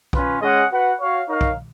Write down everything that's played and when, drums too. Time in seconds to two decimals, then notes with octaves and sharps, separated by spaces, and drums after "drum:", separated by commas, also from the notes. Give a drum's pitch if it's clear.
0.13 C#4 F4 B4, drum: kick B1
0.41 G#3 C#4 G#4 D#5 F#5
0.71 F#4 B4 F#5
1.00 F#4 C#5 F5
1.28 D#4 A#4 C#5 F5
1.41 drum: kick B1